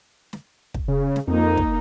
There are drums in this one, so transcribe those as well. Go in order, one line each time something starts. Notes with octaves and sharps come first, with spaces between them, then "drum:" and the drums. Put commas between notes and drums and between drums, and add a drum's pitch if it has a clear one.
drum: snare
drum: kick
C#3
drum: snare
F2 A#3 D#4
drum: kick